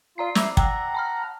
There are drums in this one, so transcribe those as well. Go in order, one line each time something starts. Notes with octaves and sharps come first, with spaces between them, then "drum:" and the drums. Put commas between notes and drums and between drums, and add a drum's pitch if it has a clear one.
F4 D5 A#5 C7
E4 D6 E6, drum: snare
F#5 G5 A#5 E6, drum: kick
A5 B5 F6